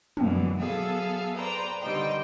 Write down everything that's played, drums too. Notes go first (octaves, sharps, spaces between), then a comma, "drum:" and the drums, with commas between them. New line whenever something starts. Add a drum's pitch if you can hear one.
F#2 B2 D3 E3, drum: tom
F#3 B3 G#4 A4 E5 F5
B4 C5 D5 G5 A#5
D3 D#3 G3 C5 D#5 G5